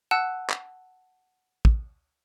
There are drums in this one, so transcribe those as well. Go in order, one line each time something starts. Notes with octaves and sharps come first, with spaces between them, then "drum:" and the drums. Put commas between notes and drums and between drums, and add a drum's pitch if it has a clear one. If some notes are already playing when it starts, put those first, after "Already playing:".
F#5 A5 E6 F#6
drum: clap
drum: kick